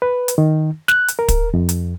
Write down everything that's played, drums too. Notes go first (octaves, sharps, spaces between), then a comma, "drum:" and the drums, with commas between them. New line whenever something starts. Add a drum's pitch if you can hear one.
B4
drum: hi-hat
D#3
F#6, drum: snare
drum: hi-hat
A#4
drum: kick, hi-hat
F2
drum: hi-hat